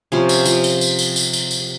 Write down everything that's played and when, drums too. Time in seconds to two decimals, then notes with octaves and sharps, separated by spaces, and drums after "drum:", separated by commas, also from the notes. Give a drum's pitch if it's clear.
0.12 C3 F3 C#4
0.29 drum: tambourine
0.46 F3, drum: tambourine
0.64 drum: tambourine
0.81 drum: tambourine
0.99 drum: tambourine
1.16 drum: tambourine
1.33 drum: tambourine
1.51 drum: tambourine